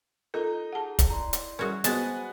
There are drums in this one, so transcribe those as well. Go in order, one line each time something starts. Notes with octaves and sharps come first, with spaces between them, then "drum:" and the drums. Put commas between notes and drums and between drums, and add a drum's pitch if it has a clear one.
D#4 F4 A4 A#4
G4 G#4 F#5 A5
drum: kick, hi-hat
E4 D5 A#5 C6
drum: hi-hat
G3 C#4 F#4 G#4 A#4
G#3 B3 F#4 C5 D#5 G#5 A5, drum: hi-hat